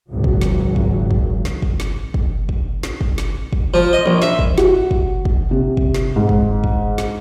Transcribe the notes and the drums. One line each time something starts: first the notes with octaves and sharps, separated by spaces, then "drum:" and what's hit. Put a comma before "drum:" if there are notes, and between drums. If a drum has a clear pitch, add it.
G#1 C#2 A#2 F#3
drum: kick
drum: snare
drum: kick
drum: kick
drum: snare
drum: kick
drum: snare
drum: kick
drum: kick
drum: snare
drum: kick
drum: snare
drum: kick
F3
D#5
A#1
E5, drum: snare
drum: kick
F#4, drum: snare
drum: kick
drum: kick
C3
drum: kick
drum: snare
G#2
drum: kick
drum: kick
drum: snare